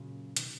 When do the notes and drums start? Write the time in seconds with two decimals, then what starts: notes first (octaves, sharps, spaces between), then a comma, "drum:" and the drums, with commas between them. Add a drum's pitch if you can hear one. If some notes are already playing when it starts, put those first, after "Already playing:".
Already playing: F#2 A#2 C#3
0.36 B2 D#3, drum: hi-hat